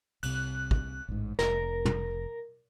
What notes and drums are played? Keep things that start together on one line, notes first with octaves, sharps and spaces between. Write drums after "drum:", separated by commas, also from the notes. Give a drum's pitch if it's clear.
C2 C3 F#6, drum: cymbal
drum: kick
A1 G#2
F1 A#4, drum: snare
drum: tom